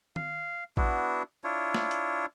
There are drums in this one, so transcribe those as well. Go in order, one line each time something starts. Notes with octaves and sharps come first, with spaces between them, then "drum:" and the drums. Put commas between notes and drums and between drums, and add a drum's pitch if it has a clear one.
F5, drum: tom D#3
B3 D4 E4 F#4, drum: kick A1
D4 E4 F4 C#5
drum: snare
drum: hi-hat